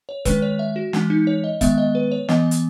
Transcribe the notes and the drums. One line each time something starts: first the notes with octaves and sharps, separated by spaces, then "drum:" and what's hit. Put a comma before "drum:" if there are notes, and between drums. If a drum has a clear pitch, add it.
C#5
D#3 G#3 C#4 B4, drum: kick E1, hi-hat
C#5
E5
F#4
E3 G#3 C#4, drum: snare
D#4
C#5
D#5
D#3 G#3 B3 E5, drum: kick E1, hi-hat
D#5
B4
C#5
E3 B3 D#5, drum: snare
drum: hi-hat